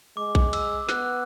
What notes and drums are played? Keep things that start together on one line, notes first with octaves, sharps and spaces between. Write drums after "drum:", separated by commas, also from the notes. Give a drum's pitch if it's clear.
G#3 D6
drum: kick A#1
E6, drum: cymbal
B3 F#6, drum: snare